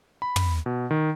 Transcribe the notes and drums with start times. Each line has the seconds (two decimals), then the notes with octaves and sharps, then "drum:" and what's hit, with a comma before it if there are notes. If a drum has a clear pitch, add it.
0.22 B5
0.36 drum: tom
0.66 B2
0.91 D#3